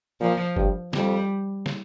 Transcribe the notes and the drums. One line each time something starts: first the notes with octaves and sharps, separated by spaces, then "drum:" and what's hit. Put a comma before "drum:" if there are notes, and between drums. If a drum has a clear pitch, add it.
A#2 F3
G2, drum: kick F#1
F2 G3, drum: snare
drum: snare